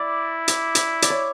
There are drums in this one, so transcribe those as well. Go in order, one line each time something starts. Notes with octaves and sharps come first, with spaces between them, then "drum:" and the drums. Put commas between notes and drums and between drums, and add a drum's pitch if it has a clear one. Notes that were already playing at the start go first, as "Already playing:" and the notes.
Already playing: E4 D5
drum: hi-hat
drum: hi-hat
D5, drum: hi-hat
C#5